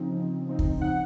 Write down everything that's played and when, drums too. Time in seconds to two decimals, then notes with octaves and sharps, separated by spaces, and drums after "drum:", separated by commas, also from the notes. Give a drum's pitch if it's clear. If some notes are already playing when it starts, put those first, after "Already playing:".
Already playing: C#3 F3 C4 D#4
0.13 C#3
0.47 F3 C4 D#4
0.59 drum: kick
0.82 C#3 F#5